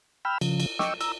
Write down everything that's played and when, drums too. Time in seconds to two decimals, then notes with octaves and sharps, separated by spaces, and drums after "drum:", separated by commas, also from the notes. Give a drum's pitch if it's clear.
0.25 G5 B5 E6 F6
0.41 C#3 F3, drum: cymbal
0.60 drum: cymbal
0.79 D#5 G5 C#6 D6 E6, drum: snare
1.01 A#5 E6, drum: cymbal